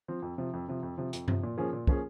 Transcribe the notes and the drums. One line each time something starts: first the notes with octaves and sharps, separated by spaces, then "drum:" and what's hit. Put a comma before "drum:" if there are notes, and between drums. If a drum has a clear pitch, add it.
F3 C4
F2
C3 F3
F2
C3 F3
F2
C3 F3
F2, drum: hi-hat
C3 F3, drum: tom G2
A#2
F3 A#3 C#4 G#4
A#2
F3 A#3 C#4 G#4, drum: kick